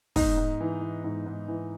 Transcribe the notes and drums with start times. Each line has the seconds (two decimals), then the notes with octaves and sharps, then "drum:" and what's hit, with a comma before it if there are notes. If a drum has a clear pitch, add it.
0.16 G#2 D#4, drum: kick, open hi-hat
0.37 G#2
0.60 E3
0.82 E3
1.04 G#2
1.26 G#2
1.48 E3